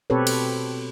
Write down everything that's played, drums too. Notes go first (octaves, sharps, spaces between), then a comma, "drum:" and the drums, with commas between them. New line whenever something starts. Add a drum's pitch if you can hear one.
B2 C4 G4 A4 B4 C#5
drum: cymbal